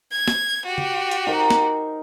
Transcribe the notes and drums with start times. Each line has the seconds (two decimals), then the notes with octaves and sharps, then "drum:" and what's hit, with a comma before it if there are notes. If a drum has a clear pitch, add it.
0.12 G#6
0.28 drum: snare
0.66 F#4 G4
0.78 drum: tom C#3
1.11 drum: hi-hat
1.27 D#4 A#4 C5
1.50 drum: snare